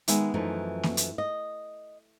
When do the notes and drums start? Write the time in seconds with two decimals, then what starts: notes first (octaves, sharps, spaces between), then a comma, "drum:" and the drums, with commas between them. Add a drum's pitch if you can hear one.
0.08 D#3 G#3 B3 E5 G#5, drum: hi-hat
0.34 F#2 E3 F3 A3 D#4
0.83 drum: snare A#3
0.97 drum: hi-hat
1.18 D#5